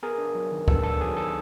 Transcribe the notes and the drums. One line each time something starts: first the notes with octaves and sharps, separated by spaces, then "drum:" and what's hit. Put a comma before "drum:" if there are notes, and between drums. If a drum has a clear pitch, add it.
B3 G#4 A#4
D4
F#3
D#3
B3 A4, drum: kick C#2
D4 A4
F#3 G#4
D#3 A4